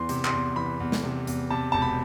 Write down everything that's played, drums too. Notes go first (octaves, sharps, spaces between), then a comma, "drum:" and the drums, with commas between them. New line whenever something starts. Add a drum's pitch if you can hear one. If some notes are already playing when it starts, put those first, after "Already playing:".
Already playing: E2 E3 C6
C3, drum: hi-hat
C6, drum: clap
E2
E3 B5
E2
drum: snare
C3
E2, drum: hi-hat
C3 A5
E1 A5
B5